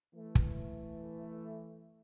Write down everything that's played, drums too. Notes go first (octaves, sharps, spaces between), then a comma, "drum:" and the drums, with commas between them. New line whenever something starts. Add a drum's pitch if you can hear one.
E3 A3
drum: kick